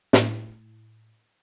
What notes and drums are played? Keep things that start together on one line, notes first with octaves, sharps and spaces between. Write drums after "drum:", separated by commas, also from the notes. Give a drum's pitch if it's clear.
A2, drum: snare